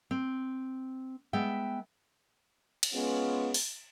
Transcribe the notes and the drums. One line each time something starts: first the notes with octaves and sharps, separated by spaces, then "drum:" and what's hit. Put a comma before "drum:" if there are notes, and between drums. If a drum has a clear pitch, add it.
C4
G#3 B3 E5 G5
drum: cymbal
G#3 B3 C#4 F4
drum: open hi-hat